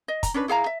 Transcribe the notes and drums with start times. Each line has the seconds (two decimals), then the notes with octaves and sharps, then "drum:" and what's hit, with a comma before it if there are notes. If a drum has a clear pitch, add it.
0.08 D#5
0.23 A#5, drum: kick, hi-hat
0.34 C#4 D4 B4
0.48 E4 G#4 F5 A#5
0.66 E5